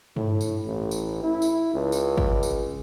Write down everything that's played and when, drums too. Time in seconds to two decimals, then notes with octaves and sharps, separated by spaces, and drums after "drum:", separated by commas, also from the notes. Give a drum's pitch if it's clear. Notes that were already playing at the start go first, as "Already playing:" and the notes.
0.17 A2, drum: tom G2
0.41 drum: tambourine
0.66 A1
0.91 drum: tambourine
1.23 E4
1.42 drum: tambourine
1.74 C#2
1.92 drum: tambourine
2.18 drum: kick
2.43 drum: tambourine